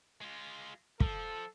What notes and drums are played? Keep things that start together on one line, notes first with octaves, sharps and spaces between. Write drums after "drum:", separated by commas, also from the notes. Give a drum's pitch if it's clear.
G#3 F4
F3 A4, drum: kick